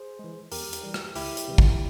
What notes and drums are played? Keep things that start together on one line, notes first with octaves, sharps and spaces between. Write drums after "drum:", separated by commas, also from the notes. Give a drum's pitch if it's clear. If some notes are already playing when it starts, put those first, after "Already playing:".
Already playing: G#4 C5
E3 G#3
E2 G4 A#4, drum: open hi-hat
drum: hi-hat
E3 G3
drum: rim click
C#2 E4 G4, drum: open hi-hat
drum: hi-hat
C3 E3 G3
drum: kick